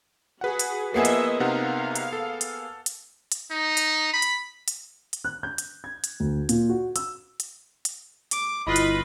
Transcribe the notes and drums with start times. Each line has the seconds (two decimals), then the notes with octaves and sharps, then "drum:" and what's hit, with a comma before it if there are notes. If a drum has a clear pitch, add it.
0.41 F#4 G#4 B4 F#5
0.59 drum: hi-hat
0.94 F3 A#3 B3 G#4 D#5 E5
1.05 drum: hi-hat
1.40 C3 D#4 F5 F#5
1.96 drum: hi-hat
2.13 A4
2.41 drum: hi-hat
2.86 drum: hi-hat
3.32 drum: hi-hat
3.51 D#4
3.77 drum: hi-hat
4.13 B5
4.22 drum: hi-hat
4.68 drum: hi-hat
5.13 drum: hi-hat
5.24 F#6
5.43 G6
5.58 drum: hi-hat
5.84 G#6
6.04 drum: hi-hat
6.20 D2
6.49 A#2, drum: hi-hat
6.69 F#4
6.96 E6, drum: hi-hat
7.40 drum: hi-hat
7.85 drum: hi-hat
8.31 D6, drum: hi-hat
8.66 G1 E4 F4 B4 D#5 B5
8.76 drum: hi-hat